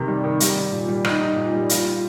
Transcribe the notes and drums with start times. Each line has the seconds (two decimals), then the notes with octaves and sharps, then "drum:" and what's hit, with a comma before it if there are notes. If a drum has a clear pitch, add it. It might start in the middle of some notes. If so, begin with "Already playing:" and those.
Already playing: C3 D#3
0.08 G3
0.24 D#3
0.40 G3, drum: hi-hat
0.57 G3
0.72 A#2
0.88 G3
1.05 D#4, drum: rim click
1.21 D#4
1.36 A#2
1.53 G3
1.69 F4, drum: hi-hat
1.85 F4